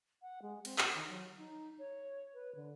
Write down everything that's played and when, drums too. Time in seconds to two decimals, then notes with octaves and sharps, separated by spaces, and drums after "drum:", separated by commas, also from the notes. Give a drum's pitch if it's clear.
0.22 F#5
0.42 G#3
0.65 C4, drum: cymbal
0.78 G4, drum: clap
0.95 D#3
1.09 F#3
1.38 D#4
1.79 C#5
2.34 B4
2.55 D3